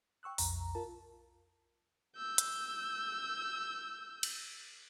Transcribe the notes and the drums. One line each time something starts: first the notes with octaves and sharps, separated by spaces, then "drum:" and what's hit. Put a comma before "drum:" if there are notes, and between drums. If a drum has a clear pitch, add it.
G5 C#6 E6 F#6
B1 F2 A#5, drum: open hi-hat
F4 A#4 A5
E6 G6
drum: hi-hat
drum: cymbal